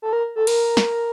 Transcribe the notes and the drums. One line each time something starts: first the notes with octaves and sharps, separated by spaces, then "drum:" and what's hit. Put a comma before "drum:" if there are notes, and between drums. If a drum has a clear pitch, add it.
A4
A#4
A4
A#4, drum: cymbal
drum: snare